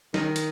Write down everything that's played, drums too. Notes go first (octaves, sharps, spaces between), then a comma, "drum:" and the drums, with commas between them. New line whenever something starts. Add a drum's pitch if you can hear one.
D#3, drum: snare
drum: hi-hat